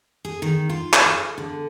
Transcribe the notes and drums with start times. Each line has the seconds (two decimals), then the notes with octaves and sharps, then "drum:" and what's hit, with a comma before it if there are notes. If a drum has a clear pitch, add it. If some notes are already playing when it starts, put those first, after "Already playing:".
0.25 G#4
0.42 D#3
0.69 F4
0.93 drum: clap
1.06 G#4
1.38 D3